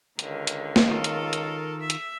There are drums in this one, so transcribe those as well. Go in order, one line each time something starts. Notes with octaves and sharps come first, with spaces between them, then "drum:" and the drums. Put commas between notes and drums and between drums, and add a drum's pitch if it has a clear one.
C#2 D3 D#3, drum: hi-hat
drum: hi-hat
drum: snare
D#3 F4 A4 A#4
drum: hi-hat
drum: hi-hat
E5
drum: hi-hat